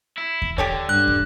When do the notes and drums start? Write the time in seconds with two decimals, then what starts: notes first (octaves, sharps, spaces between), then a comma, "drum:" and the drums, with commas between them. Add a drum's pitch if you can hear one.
0.18 E4
0.42 drum: kick
0.58 D3 G4 A4 C#5, drum: kick
0.89 G2 F#6
1.07 drum: kick